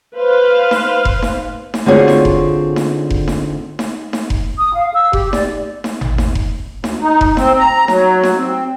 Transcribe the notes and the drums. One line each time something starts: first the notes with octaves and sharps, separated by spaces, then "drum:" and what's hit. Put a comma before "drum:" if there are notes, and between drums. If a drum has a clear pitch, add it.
B4 C5 F5
drum: snare D#4
drum: kick F1
drum: snare D#4
drum: snare D#4
D3 C4 F4 F#4 G#4 C#5
drum: snare D#4
drum: kick F1
drum: snare D#4
drum: kick F1
drum: snare D#4
drum: snare D#4
drum: snare D#4
drum: kick F1
D#6
F5
E6
G4, drum: kick F1
D5, drum: snare D#4
drum: snare D#4
drum: tom G#1
drum: snare D#4
drum: kick F1
D2, drum: snare D#4
D#4
drum: kick F1
C4, drum: snare D#4
A#5
F#3, drum: snare D#4
drum: snare D#4
C4